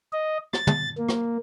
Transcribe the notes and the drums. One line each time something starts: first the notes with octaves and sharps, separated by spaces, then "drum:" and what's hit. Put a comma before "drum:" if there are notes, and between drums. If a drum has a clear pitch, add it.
D#5
A6, drum: rim click
drum: tom
A#3
drum: rim click